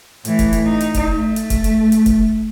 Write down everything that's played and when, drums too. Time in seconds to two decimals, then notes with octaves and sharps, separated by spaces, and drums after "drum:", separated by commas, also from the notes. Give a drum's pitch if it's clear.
0.25 A2 E3, drum: hi-hat
0.39 drum: kick, hi-hat
0.53 drum: hi-hat
0.66 D#4
0.81 drum: hi-hat
0.94 drum: kick, hi-hat
1.14 A3
1.36 drum: hi-hat
1.50 drum: kick, hi-hat
1.64 drum: hi-hat
1.92 drum: hi-hat
2.06 drum: kick, hi-hat